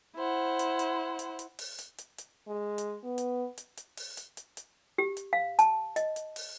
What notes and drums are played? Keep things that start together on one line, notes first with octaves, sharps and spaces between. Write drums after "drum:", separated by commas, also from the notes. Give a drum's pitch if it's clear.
E4 C5 F#5
drum: hi-hat
drum: hi-hat
drum: hi-hat
drum: hi-hat
drum: open hi-hat
drum: hi-hat
drum: hi-hat
drum: hi-hat
G#3
drum: hi-hat
B3
drum: hi-hat
drum: hi-hat
drum: hi-hat
drum: open hi-hat
drum: hi-hat
drum: hi-hat
drum: hi-hat
G4
drum: hi-hat
F5
A5, drum: hi-hat
D#5, drum: hi-hat
drum: hi-hat
drum: open hi-hat